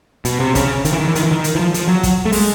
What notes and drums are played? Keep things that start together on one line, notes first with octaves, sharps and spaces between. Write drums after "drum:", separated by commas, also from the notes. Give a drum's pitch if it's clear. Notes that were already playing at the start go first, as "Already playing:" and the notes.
B2, drum: hi-hat
C3
C#3, drum: kick, hi-hat
D#3, drum: hi-hat
E3
D#3
E3
D#3, drum: hi-hat
E3
D#3
drum: hi-hat
E3
F3
F3, drum: hi-hat
F#3
drum: kick, hi-hat
A3
G#3, drum: open hi-hat